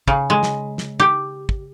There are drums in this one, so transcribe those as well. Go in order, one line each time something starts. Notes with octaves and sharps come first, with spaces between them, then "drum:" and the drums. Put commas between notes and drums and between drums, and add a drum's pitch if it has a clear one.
C#3, drum: kick
G#3
drum: snare
drum: snare
G4
drum: kick